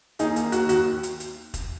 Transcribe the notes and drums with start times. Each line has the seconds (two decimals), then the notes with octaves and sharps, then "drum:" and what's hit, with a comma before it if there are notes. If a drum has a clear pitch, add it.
0.19 D#2 D#4 G#4, drum: hi-hat
0.36 A#3, drum: hi-hat
0.52 D#2 F#4, drum: hi-hat
0.69 D#2 F#4, drum: hi-hat
1.03 drum: hi-hat
1.20 drum: hi-hat
1.54 drum: kick E1, hi-hat